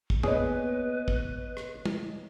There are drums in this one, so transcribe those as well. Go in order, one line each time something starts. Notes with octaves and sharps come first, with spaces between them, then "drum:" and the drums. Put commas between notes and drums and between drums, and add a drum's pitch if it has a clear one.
drum: kick
A#3 B3 G#4 B4 C#5 D#5, drum: tom
drum: kick
drum: rim click
drum: tom